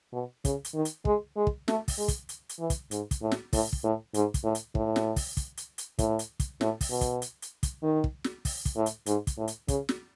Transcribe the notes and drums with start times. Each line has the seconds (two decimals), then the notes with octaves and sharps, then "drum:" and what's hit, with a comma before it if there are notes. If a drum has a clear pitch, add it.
0.13 B2
0.45 C#3, drum: kick, hi-hat
0.65 drum: hi-hat
0.74 D#3
0.85 drum: hi-hat
1.05 G#3, drum: kick
1.36 G#3
1.47 drum: kick
1.68 A3, drum: snare
1.88 drum: kick, open hi-hat
1.98 G#3
2.08 drum: kick, hi-hat
2.29 drum: hi-hat
2.49 drum: hi-hat
2.59 E3
2.70 drum: kick, hi-hat
2.91 G#2, drum: hi-hat
3.11 drum: kick, hi-hat
3.22 A2
3.32 drum: snare
3.53 A2, drum: kick, open hi-hat
3.73 drum: kick
3.83 A2
4.14 G#2, drum: hi-hat
4.34 drum: kick, hi-hat
4.44 A2
4.55 drum: hi-hat
4.75 A2, drum: kick
4.96 drum: snare
5.16 drum: kick, open hi-hat
5.37 drum: kick, hi-hat
5.57 drum: hi-hat
5.78 drum: hi-hat
5.99 A2, drum: kick, hi-hat
6.19 drum: hi-hat
6.40 drum: kick, hi-hat
6.61 A2, drum: snare
6.81 drum: kick, open hi-hat
6.91 B2
7.01 drum: kick, hi-hat
7.22 drum: hi-hat
7.42 drum: hi-hat
7.63 drum: kick, hi-hat
7.83 D#3
8.04 drum: kick
8.24 drum: snare
8.45 drum: kick, open hi-hat
8.65 drum: kick, hi-hat
8.76 A2
8.86 drum: hi-hat
9.06 G#2, drum: hi-hat
9.27 drum: kick, hi-hat
9.37 A2
9.48 drum: hi-hat
9.68 C#3, drum: kick, hi-hat
9.89 drum: snare